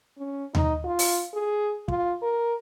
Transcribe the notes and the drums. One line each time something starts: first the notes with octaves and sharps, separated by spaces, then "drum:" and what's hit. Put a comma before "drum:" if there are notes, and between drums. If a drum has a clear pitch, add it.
C#4
D#4, drum: tom D#2
F4
drum: open hi-hat
G#4
F4, drum: kick
A#4